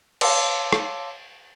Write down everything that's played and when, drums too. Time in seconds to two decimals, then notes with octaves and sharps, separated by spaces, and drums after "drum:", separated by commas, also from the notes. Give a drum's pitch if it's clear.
0.21 C#5 F5 A5 C6 D6 E6, drum: cymbal
0.73 drum: rim click